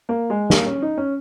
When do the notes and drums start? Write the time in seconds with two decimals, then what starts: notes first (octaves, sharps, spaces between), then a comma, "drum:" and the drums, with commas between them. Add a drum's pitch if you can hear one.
0.09 A#3
0.30 G#3
0.50 A#3, drum: snare
0.66 C#4
0.82 D#4
0.98 C#4